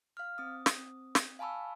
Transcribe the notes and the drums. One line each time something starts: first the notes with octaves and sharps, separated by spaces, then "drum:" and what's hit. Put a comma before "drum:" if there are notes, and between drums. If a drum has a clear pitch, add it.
F5 F6
C4 D#6
drum: snare
drum: snare
F5 G#5 A5 B5 C#6 E6